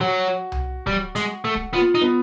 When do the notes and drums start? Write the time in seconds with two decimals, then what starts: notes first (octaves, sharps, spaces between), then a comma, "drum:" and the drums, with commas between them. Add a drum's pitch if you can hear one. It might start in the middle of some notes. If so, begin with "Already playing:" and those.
0.01 F#3 F#4
0.52 drum: tom C2
0.87 G3, drum: kick D1
1.16 G#3, drum: hi-hat
1.45 A3
1.56 drum: kick D1
1.73 B3 F4
1.95 D#4
2.01 B3